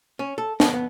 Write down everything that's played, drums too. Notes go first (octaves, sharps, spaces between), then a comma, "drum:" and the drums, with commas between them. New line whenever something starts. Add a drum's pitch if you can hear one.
C#4
A4
B3, drum: snare
B3